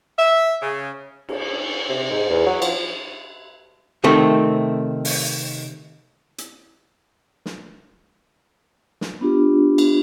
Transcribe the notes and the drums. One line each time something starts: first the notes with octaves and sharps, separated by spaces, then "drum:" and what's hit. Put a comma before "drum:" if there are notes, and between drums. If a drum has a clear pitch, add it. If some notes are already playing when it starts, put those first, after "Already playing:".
E5
C#3
drum: cymbal
C3
G#2
E2
F#3
F3, drum: cymbal
C3 D#3 A3 C4
drum: open hi-hat
drum: hi-hat
drum: snare
drum: snare
B3 D4 F4 G4
drum: cymbal